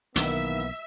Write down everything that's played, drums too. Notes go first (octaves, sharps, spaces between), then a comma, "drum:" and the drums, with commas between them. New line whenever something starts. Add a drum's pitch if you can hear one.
B1 D#3 E3 A#3 B3 E5, drum: hi-hat